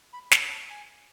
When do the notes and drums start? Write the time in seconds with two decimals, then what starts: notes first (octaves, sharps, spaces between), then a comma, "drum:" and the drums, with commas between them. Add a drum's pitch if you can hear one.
0.13 B5
0.31 A5, drum: snare
0.51 A5
0.70 G#5